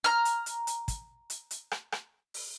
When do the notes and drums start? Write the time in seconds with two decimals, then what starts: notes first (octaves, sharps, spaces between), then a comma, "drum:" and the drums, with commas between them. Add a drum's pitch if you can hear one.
0.04 A#5 F6
0.25 drum: hi-hat
0.46 drum: hi-hat
0.67 drum: hi-hat
0.88 drum: kick, hi-hat
1.30 drum: hi-hat
1.51 drum: hi-hat
1.71 drum: rim click
1.92 drum: rim click
2.34 drum: open hi-hat